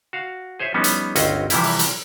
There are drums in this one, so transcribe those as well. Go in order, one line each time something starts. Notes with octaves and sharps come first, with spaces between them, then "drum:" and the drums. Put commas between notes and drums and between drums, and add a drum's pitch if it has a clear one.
F#4 F5
G#4 C5 C#5 E5
F3 G3 B3 C#4 D#4
drum: hi-hat
G1 C#2 C4 C#4 F#4 D#5, drum: hi-hat
C3 E3 F3 G3 E4 G4, drum: hi-hat
drum: open hi-hat
drum: hi-hat